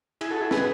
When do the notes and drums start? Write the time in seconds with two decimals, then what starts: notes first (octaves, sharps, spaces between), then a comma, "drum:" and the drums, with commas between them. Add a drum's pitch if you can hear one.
0.21 E4 G#4, drum: cymbal
0.31 F#4 A4
0.41 E4 G#4
0.51 G#4 B4, drum: snare